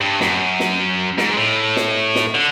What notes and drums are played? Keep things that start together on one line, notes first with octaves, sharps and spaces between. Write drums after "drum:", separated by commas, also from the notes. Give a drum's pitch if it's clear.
G2
F#2, drum: snare
drum: snare
G#2, drum: snare
A2
drum: snare
drum: snare
D3